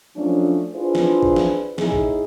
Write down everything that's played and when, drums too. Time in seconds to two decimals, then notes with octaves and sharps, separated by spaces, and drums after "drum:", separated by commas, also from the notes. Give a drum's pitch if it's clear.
0.16 F3 F#3 A3 C#4 D4
0.74 D4 E4 F4 G#4 B4 C5
0.95 drum: snare
1.23 drum: kick
1.36 drum: snare
1.78 A2 D#4 E4 G#4, drum: snare
1.92 drum: kick